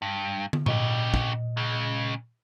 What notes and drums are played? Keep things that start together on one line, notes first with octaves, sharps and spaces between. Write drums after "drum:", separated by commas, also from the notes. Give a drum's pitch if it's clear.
G2
drum: tom
A#2 C#3 G4 D#5, drum: tom G#2
drum: kick
C#3 G#3